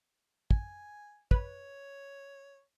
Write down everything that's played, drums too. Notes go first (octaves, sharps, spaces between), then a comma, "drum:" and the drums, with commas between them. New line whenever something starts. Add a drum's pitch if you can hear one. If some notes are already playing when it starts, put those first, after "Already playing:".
G#5, drum: kick
B4 C#5, drum: kick